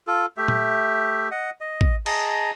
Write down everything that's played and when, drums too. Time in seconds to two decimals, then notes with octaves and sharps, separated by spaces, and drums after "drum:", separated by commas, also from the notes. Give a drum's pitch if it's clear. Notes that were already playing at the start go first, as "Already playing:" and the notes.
0.07 F4 A4
0.37 A3 G4 E5
0.48 drum: tom A#2
1.31 D#5 F#5
1.61 D#5
1.81 drum: kick
2.06 G#4 D#5 A5 A#5, drum: cymbal